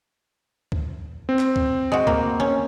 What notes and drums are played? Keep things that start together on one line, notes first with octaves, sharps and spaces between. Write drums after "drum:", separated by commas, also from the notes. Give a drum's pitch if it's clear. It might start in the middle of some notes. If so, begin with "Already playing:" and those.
drum: kick
C4
drum: clap
drum: kick
G#3 F#4
A#3, drum: kick
C#4